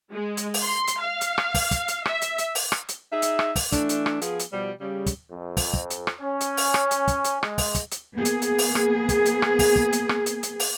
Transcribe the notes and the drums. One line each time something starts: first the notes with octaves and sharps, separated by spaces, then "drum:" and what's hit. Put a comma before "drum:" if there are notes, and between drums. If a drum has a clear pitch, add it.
G#3
drum: hi-hat
drum: open hi-hat
C6
drum: hi-hat
F5
drum: hi-hat
drum: rim click
drum: kick, open hi-hat
drum: kick, hi-hat
drum: hi-hat
E5, drum: rim click
drum: hi-hat
drum: hi-hat
drum: open hi-hat
drum: rim click
drum: hi-hat
D#4 G#4 E5
drum: hi-hat
drum: rim click
drum: kick, open hi-hat
E3 A3 D4, drum: kick, hi-hat
drum: hi-hat
drum: rim click
F3 B3 G#4, drum: hi-hat
drum: hi-hat
B2 F3 G3
C#3 G3
drum: kick, hi-hat
F2
drum: kick, open hi-hat
drum: kick
drum: hi-hat
drum: rim click
C#4
drum: hi-hat
drum: open hi-hat
drum: rim click
drum: hi-hat
drum: kick, hi-hat
drum: hi-hat
G#3, drum: rim click
drum: kick, open hi-hat
drum: kick, hi-hat
drum: hi-hat
A#3 B3 G#4
drum: hi-hat
drum: hi-hat
drum: open hi-hat
drum: rim click
drum: kick, hi-hat
drum: hi-hat
drum: rim click
drum: kick, open hi-hat
drum: kick
drum: hi-hat
drum: rim click
drum: hi-hat
drum: hi-hat
drum: open hi-hat